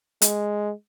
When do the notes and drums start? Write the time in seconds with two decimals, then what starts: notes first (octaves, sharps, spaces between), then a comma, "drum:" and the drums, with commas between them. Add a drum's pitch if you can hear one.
0.22 G#3, drum: hi-hat